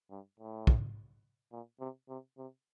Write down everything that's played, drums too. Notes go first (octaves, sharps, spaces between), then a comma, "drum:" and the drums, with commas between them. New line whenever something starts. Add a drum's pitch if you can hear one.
G2
A2
drum: kick
A#2
C3
C3
C3